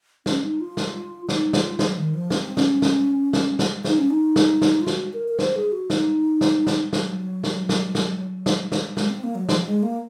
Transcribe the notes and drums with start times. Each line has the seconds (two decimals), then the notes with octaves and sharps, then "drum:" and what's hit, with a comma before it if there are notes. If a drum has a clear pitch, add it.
0.26 C#4, drum: snare
0.43 D#4
0.61 F4
0.77 drum: snare
1.29 D#4, drum: snare
1.53 F4, drum: snare
1.79 F#3, drum: snare
1.97 D#3
2.14 F3
2.30 C4, drum: snare
2.57 C#4, drum: snare
2.82 drum: snare
3.33 drum: snare
3.59 drum: snare
3.84 D#4, drum: snare
3.98 C#4
4.10 D#4
4.36 drum: snare
4.62 drum: snare
4.81 F4
4.87 F#4, drum: snare
5.13 A#4
5.28 A#4
5.39 C5, drum: snare
5.56 G#4
5.72 F#4
5.90 D#4, drum: snare
6.41 drum: snare
6.67 drum: snare
6.93 F#3, drum: snare
7.44 drum: snare
7.69 drum: snare
7.95 drum: snare
8.46 drum: snare
8.72 drum: snare
8.97 G#3, drum: snare
9.10 C4
9.23 A#3
9.35 F#3
9.49 F3, drum: snare
9.66 G#3
9.83 A#3